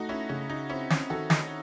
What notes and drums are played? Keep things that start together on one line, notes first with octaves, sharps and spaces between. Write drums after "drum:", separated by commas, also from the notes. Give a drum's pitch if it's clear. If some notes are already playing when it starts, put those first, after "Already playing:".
Already playing: A3 D#4 F#4
C#4 E4
C#3 C#4
D#4
C4 C#4 E4
C#4, drum: snare
D#3 F#4 A4
D#4, drum: snare